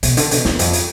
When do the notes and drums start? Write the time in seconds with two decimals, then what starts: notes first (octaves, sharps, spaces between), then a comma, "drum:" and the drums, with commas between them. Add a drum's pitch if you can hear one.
0.03 B2, drum: hi-hat
0.17 D3, drum: hi-hat
0.31 B2, drum: hi-hat
0.45 E2, drum: snare
0.59 F2, drum: hi-hat
0.73 drum: hi-hat